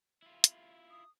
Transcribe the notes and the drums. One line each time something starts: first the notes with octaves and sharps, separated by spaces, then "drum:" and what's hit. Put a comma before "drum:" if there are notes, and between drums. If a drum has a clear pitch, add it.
E4 F4
drum: hi-hat
D#6